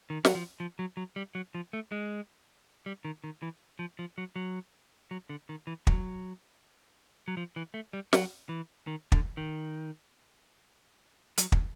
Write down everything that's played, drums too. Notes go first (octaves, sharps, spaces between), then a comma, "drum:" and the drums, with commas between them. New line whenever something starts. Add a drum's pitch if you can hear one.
D#3
F#3, drum: snare
F3
F3
F#3
F#3
G3
F#3
F3
A3
G#3
G3
D#3
D#3
E3
F3
F3
F#3
F#3
F#3
D3
D#3
E3
F#3, drum: kick
F#3
F3
E3
A3
G3
F#3, drum: snare
E3
D#3
D3, drum: kick
D#3
F#3, drum: hi-hat
drum: kick